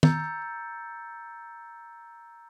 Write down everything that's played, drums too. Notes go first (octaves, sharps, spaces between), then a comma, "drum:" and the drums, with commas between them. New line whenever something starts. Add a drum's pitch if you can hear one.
A#5 E6 G6 A6 C#7, drum: tom